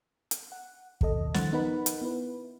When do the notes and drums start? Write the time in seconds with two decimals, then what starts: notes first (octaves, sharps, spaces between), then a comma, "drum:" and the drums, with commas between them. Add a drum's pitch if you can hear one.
0.31 drum: hi-hat
0.52 F#5
1.01 D#2 B2 A4 D#5, drum: kick
1.34 D#3 F3 C5 F#5 A6, drum: snare
1.52 B3 D#4 A#4 B4 F#5 B5
1.86 drum: hi-hat
2.02 B3 E4 B4